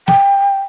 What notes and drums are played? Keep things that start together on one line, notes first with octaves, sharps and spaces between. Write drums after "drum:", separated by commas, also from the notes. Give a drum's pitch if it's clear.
G5, drum: snare